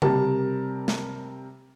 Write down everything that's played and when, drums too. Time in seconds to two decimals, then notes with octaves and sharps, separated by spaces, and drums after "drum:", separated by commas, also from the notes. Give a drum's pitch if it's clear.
0.02 C3 G3 A#4 A5, drum: tom C#3
0.88 drum: snare